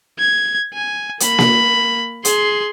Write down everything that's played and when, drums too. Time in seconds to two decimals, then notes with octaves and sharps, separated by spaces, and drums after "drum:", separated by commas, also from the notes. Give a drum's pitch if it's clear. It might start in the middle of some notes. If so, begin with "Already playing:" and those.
0.19 G#6
0.74 G#5
1.20 A#3 B5, drum: hi-hat
1.38 drum: snare A#3
2.25 G#4 C6, drum: hi-hat